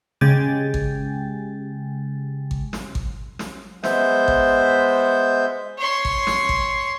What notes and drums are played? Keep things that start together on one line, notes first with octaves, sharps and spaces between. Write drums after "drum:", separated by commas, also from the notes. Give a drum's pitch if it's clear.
C#3 G#3 G4 G5 G#5 A6
drum: kick G#1
drum: kick G#1
drum: snare
drum: kick G#1
drum: snare
G#3 B3 C5 E5 G6, drum: snare
drum: kick G#1
C#5 C6
drum: kick G#1
drum: snare
drum: kick G#1